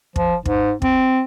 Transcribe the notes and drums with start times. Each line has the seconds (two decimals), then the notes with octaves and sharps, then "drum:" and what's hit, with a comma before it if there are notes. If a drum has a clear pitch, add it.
0.16 F3, drum: kick
0.45 G#2, drum: kick
0.82 C4, drum: kick